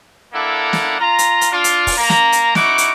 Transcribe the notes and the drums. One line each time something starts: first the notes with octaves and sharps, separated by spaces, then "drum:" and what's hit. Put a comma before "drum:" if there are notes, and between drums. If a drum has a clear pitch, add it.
A#3 D4 E4 A4 F#5
drum: snare
F4 A#5
drum: hi-hat
drum: hi-hat
D4 F4
drum: hi-hat
drum: kick, open hi-hat
A#3 A#5
drum: snare
drum: hi-hat
D#4 E4 F#4 C#6 D6, drum: snare
drum: hi-hat